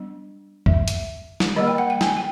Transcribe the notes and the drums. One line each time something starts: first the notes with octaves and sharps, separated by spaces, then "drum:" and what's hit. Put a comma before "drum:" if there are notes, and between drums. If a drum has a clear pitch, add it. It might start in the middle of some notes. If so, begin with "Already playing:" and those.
Already playing: G3 B3 D4
E5, drum: kick
drum: hi-hat
drum: snare
D#3 G3 A#3 D#5
G5
F#5
G5
G#5, drum: snare
G5